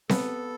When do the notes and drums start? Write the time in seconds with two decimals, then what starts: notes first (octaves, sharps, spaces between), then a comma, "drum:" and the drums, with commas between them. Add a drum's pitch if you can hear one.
0.09 B3 A4, drum: snare C4